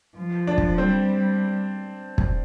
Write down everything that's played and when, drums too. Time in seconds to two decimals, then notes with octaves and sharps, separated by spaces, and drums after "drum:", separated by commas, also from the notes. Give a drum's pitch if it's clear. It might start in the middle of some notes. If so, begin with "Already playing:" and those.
0.18 F3
0.47 D4
0.58 drum: kick
0.78 G3 C4
2.18 drum: kick